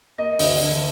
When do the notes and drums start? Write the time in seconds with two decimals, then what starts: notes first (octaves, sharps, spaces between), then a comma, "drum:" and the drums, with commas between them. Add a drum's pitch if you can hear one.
0.18 A#3 D#5
0.39 D2, drum: open hi-hat
0.61 D3